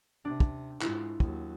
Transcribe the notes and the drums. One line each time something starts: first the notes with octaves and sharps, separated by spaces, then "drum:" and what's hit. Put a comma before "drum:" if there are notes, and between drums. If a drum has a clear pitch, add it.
C3 D4
drum: kick
G#2 E4 F4, drum: clap
D#2 F#3, drum: kick